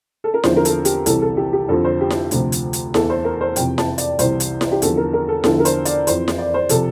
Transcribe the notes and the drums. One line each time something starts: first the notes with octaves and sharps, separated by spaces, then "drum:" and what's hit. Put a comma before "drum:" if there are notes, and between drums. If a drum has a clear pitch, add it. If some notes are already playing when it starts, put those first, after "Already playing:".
A4
A#4
E2 D3 F3 C5, drum: snare E4
A#4
A4, drum: hi-hat
G4, drum: hi-hat
C2 C3 E3 A4, drum: hi-hat
A4
G4
G4
F2 D3 F3 A4
C5
G4
drum: snare E4
D2 C3 F3, drum: hi-hat
drum: hi-hat
drum: hi-hat
E2 E3 A4, drum: snare E4
C5
A#4
C5
F2 C3 E3 G5, drum: hi-hat
A5, drum: snare E4
D5, drum: hi-hat
C2 C3 E3 C5, drum: hi-hat
drum: hi-hat
drum: snare E4
G4
E2 D3 F3 A4, drum: hi-hat
A#4
A#4
A4
E2 D3 F3 A4, drum: snare E4
A#4
C5, drum: hi-hat
D5, drum: hi-hat
F2 E3 C5, drum: hi-hat
drum: snare E4
D5
C5
C3 F3 A4, drum: hi-hat